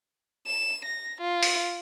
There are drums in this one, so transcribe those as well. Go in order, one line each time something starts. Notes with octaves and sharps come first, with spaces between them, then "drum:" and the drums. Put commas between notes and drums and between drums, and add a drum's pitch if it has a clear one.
E7
A#6
F4
drum: open hi-hat